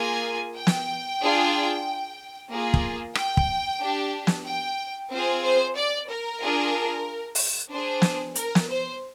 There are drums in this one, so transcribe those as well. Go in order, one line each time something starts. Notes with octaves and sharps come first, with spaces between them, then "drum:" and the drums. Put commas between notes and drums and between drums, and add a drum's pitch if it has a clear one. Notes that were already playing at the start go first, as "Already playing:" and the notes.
Already playing: A#3 F4 G#4 G#5
G5
drum: snare
D4 F4 G#4
A#3 F4 G#4
drum: kick
G5, drum: rim click
drum: kick
D4 G4
drum: snare
G5
C4 F4 G#4 C5
C5
D5
A#4
D4 F4 G#4
drum: open hi-hat
D4 G#4 C5
drum: snare
A#4, drum: hi-hat
drum: snare
C5